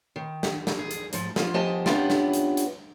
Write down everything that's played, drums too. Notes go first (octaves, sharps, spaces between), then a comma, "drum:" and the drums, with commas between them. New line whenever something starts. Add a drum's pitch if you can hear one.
D#3
drum: snare
drum: snare
G#4
drum: hi-hat
G#2 F3, drum: hi-hat
F3 F4, drum: snare
F3 B3 G4 D#5 G#5 A5
B3 C#4 D4 E4 F4 G4, drum: snare
drum: snare
drum: hi-hat
drum: hi-hat